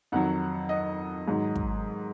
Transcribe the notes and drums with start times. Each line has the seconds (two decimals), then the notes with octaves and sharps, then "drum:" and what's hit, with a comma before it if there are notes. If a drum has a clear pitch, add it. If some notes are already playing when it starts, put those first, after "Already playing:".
0.12 F2 D#3 F#3 F#5
0.69 D#5
1.28 G#2 D#3 F#3
1.56 drum: kick